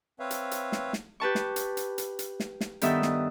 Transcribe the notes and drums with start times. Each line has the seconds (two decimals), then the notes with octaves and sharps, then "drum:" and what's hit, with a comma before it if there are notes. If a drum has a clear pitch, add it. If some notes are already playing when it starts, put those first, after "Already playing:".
0.19 C4 B4 C#5 E5 F5
0.31 drum: hi-hat
0.51 drum: hi-hat
0.72 drum: snare
0.93 drum: snare
1.20 G4 B4 A5 C#6
1.35 drum: snare
1.56 drum: hi-hat
1.77 drum: hi-hat
1.98 drum: hi-hat
2.19 drum: hi-hat
2.40 drum: snare
2.61 drum: snare
2.81 G2 D#3 B3 A4 E5 D#6, drum: hi-hat
3.02 drum: snare